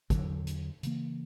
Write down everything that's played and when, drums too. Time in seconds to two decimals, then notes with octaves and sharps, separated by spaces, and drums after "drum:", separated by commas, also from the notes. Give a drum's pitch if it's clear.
0.10 E2 D3 F#3, drum: kick, hi-hat
0.47 drum: hi-hat
0.83 C#3 E3 A#3, drum: hi-hat